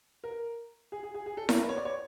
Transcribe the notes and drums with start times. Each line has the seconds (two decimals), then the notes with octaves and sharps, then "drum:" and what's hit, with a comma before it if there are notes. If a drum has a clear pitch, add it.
0.24 A#4
0.92 G#4
1.03 G#4
1.14 G#4
1.26 G#4
1.37 A4
1.49 A#4, drum: snare E4
1.60 B4
1.69 C#5
1.77 D5
1.85 C#5